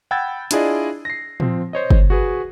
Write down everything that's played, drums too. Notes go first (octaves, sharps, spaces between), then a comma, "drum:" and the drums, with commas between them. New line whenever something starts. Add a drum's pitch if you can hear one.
F#5 G5 B5 E6 G#6 A6
D4 E4 F4 G#4 D5 D#5, drum: hi-hat
A#6 C7
F3 C4, drum: tom
C5 C#5 D#5
drum: kick G1
F#4 G#4 B4